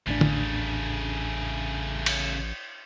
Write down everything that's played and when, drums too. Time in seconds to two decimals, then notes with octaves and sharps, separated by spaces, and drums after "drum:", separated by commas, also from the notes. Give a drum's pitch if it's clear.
0.07 A1 D#2 A2 C#3 A3 D4
0.21 drum: tom D3
2.06 drum: cymbal